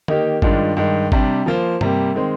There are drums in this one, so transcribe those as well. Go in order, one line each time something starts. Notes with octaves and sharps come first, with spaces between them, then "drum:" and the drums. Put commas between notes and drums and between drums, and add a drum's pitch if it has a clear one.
D#3 A#3 D#4 G4, drum: tom
G2 D#3 G#3 D4 F4, drum: kick G#1
G2 D#3 G#3
C3 G3 D4, drum: kick G#1
F3 A#3 F4 C5
C3 G3 A#3, drum: tom G2
D#3 G#3 C4